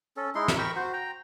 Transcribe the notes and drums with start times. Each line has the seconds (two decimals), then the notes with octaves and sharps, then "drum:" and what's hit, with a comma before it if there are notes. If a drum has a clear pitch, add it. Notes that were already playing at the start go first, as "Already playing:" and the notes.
0.17 C#4 A4
0.35 G#3 D#4 E4 C6
0.48 drum: snare
0.58 A#4 G5 B5 C#6
0.76 F#4 C5
0.93 G5 A#5